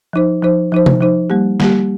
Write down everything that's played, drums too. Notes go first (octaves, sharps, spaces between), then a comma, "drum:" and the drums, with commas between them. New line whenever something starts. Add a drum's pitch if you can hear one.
F3 D#4 C5
F3 D#4 C5
F3 D#4 C5
drum: tom C3
F3 D#4 C5
G3 A#3 G4
G3 A#3 G4, drum: snare